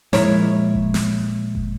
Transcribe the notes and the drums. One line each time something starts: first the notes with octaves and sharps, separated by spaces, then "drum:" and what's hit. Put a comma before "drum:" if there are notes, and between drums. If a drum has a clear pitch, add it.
A#2 F3 G#3 E4 A#4 C#5, drum: snare
drum: kick F#1
drum: snare
drum: kick F#1